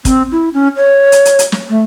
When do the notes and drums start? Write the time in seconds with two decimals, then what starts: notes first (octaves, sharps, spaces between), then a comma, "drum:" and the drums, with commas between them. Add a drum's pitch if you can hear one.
0.05 C4, drum: kick, hi-hat
0.32 E4
0.54 C#4
0.76 C#5
1.12 drum: hi-hat
1.25 drum: hi-hat
1.39 drum: hi-hat
1.52 drum: snare
1.69 A3